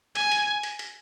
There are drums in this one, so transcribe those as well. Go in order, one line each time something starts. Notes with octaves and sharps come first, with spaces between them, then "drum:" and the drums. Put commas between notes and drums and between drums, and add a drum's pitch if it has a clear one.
G#5, drum: hi-hat
drum: hi-hat
drum: hi-hat
drum: hi-hat